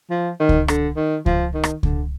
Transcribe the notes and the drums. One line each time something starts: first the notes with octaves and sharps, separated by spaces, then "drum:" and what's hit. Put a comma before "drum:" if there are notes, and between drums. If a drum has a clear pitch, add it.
F3
D#3
drum: kick C#2
D3, drum: rim click
D#3
F3, drum: kick C#2
D#3
drum: rim click
D3, drum: kick C#2